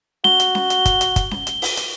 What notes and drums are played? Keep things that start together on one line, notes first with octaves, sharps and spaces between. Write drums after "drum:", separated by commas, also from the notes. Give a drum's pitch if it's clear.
F#4 G7, drum: snare C#4
drum: hi-hat
drum: snare C#4
drum: hi-hat
drum: kick, hi-hat
drum: hi-hat
drum: kick, hi-hat
drum: snare C#4
drum: hi-hat
drum: open hi-hat
drum: hi-hat